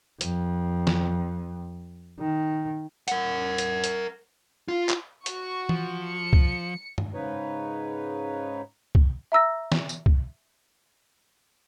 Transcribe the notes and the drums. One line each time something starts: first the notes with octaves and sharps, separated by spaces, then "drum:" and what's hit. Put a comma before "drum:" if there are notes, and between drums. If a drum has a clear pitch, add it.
F2, drum: hi-hat
drum: snare
D#3
A#4 F#5, drum: hi-hat
drum: hi-hat
drum: hi-hat
F4
drum: clap
F#4 C#6, drum: hi-hat
F3, drum: tom E3
C#7
drum: kick
drum: tom
G#2 C#3 D#4 B4 C#5
drum: kick
E5 A#5 E6 A#6
drum: snare
drum: tambourine
drum: kick